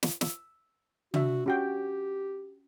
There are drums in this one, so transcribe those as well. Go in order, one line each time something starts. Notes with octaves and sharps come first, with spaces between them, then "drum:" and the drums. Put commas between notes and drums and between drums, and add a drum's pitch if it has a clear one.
drum: snare
E6, drum: snare
D4 F#4 E5, drum: tom
C#4 F#4 G4 G5